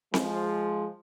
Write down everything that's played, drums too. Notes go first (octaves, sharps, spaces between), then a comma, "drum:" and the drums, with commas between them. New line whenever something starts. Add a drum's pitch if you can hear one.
F3 G#3, drum: snare C4